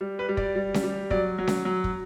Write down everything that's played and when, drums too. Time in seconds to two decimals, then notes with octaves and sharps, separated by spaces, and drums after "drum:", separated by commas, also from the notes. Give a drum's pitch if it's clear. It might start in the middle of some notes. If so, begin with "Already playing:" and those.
0.01 G3
0.19 B4
0.28 G3
0.37 D5, drum: kick
0.55 G3
0.74 drum: snare C#4
0.84 G3
1.10 F#3 D5, drum: kick
1.38 F#3
1.47 drum: snare C#4
1.65 F#3
1.84 drum: kick